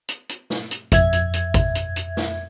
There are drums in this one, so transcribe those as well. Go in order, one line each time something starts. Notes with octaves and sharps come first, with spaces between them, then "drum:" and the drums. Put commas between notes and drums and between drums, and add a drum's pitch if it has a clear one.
drum: hi-hat
drum: hi-hat
drum: snare
drum: hi-hat
F2 E5 G#6, drum: kick G#1, hi-hat
drum: hi-hat
drum: hi-hat
drum: kick G#1, hi-hat
drum: hi-hat
drum: hi-hat
drum: snare